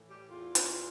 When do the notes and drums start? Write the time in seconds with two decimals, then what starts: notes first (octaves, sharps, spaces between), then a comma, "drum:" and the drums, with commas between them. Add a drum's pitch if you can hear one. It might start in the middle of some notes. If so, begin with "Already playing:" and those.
Already playing: A2 E3
0.10 G4
0.30 E2 E3 F4
0.55 drum: hi-hat